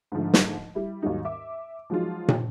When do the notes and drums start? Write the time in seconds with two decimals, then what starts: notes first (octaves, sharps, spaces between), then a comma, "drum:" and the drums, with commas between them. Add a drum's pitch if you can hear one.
0.12 G#2 D3 F3 A3
0.34 drum: snare
0.75 G3 E4
1.02 D#2 G#2 F#3 G3 D#4
1.25 E5 D6
1.90 F3 F#3 G#3 D#4 F4
2.28 drum: tom